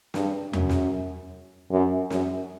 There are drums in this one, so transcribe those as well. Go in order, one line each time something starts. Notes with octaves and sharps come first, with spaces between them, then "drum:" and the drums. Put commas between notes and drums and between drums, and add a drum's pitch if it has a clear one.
G2, drum: snare
F#2, drum: tom E2
drum: snare
F#2
F#2, drum: snare